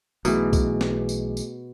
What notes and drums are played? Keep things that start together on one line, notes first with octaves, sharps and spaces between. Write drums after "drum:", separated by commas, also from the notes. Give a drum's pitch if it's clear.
B1 B2 E3 A3 G#4, drum: tambourine
drum: kick, tambourine
drum: snare
drum: tambourine
drum: tambourine